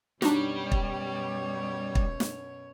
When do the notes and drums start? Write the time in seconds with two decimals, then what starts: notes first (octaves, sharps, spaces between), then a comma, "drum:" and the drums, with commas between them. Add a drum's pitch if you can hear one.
0.22 F#2 B2 G3 D4 D#4 F#4 C#5, drum: snare
0.72 drum: kick
1.95 drum: kick
2.20 drum: snare